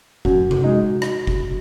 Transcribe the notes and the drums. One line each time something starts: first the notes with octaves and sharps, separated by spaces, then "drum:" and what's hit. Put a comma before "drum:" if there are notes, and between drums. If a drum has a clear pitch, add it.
F#2 F#4, drum: kick F#1
drum: tom C3
G#3 D#4
drum: rim click
drum: kick F#1